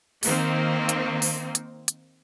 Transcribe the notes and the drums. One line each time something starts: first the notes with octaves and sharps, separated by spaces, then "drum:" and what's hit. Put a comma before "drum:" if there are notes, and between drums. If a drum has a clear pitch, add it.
D#3 A#3 C4, drum: open hi-hat
drum: hi-hat
drum: open hi-hat
drum: hi-hat
drum: hi-hat